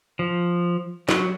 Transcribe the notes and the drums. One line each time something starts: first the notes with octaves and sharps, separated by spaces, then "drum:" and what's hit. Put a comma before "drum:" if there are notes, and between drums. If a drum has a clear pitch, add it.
F3
F#3, drum: snare